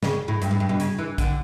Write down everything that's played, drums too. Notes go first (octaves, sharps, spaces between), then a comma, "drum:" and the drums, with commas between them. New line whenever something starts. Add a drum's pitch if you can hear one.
C#3, drum: snare
A2
G2, drum: hi-hat
A2
G2
B2
C#3, drum: hi-hat
E3
D3, drum: kick, hi-hat